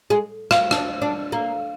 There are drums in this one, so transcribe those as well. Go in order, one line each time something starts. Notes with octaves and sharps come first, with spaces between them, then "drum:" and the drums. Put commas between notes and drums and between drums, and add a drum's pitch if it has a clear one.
G#3
F4, drum: rim click
D4, drum: rim click
D4
A#3